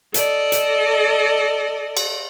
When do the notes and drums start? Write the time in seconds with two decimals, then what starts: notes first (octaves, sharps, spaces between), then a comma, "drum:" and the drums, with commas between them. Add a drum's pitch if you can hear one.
0.14 A4 D5 D#5, drum: hi-hat
0.52 drum: hi-hat
1.97 drum: cymbal